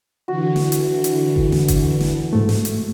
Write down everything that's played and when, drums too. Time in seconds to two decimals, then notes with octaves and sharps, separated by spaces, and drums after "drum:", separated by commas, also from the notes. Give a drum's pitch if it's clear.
0.28 D3 E3 F#4
0.56 drum: snare
0.72 drum: hi-hat
1.04 drum: hi-hat
1.36 drum: kick G1
1.52 drum: snare
1.68 drum: kick G1, hi-hat
2.01 drum: snare
2.33 G#2 A3
2.49 drum: snare
2.65 drum: hi-hat